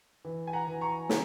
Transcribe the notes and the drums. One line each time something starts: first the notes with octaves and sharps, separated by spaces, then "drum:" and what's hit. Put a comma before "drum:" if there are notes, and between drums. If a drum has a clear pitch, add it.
E3
G#5
F#5 A#5
E3
A#5 C#6
C#3, drum: snare